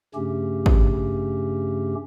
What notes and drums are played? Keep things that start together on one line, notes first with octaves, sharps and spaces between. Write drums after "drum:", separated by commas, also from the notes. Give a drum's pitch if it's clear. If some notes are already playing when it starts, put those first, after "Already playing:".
G2 C#3 A3 C#4 G4
drum: kick